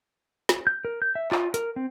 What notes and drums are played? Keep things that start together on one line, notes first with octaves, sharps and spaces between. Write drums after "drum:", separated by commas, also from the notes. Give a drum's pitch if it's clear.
drum: snare
G6
A#4
G6
E5
F4, drum: clap
A#4, drum: hi-hat
C4